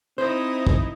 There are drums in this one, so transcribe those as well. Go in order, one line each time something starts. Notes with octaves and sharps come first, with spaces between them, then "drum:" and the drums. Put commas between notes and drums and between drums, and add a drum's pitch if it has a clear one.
C4 D#4 E4 C5
drum: kick